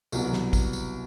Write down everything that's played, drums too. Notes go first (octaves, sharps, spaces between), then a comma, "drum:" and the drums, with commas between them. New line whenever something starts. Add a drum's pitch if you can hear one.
C2 B2 F#3 B3, drum: tambourine
drum: snare
drum: kick, tambourine
drum: tambourine